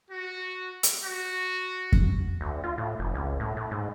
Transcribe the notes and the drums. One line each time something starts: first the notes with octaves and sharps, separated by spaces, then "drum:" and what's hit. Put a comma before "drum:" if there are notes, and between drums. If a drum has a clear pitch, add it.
F#4
drum: hi-hat
F#4
drum: kick F2
D2
F4
A2
F1
C#2
A2
A2
G#2